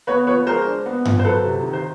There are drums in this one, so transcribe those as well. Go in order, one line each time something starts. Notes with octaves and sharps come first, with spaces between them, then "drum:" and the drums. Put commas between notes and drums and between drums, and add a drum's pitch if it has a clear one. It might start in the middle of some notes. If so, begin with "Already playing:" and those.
B3 B4 C#5
F3 B4 C#5
G#3 A#4 C5
D4
B3
F3, drum: tom G2
C5
F#3 A4 B4
C3
D#3
C5